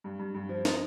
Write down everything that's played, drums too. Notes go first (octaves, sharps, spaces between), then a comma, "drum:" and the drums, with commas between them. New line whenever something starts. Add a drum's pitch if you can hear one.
G2
G2
G2
F3
D#4, drum: snare